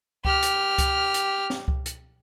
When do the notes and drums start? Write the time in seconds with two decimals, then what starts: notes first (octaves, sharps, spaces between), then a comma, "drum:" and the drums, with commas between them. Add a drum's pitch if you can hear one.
0.25 G4 F6, drum: kick C#2
0.43 drum: hi-hat
0.78 drum: kick C#2, hi-hat
1.14 drum: hi-hat
1.50 drum: snare
1.68 drum: kick C#2
1.86 drum: hi-hat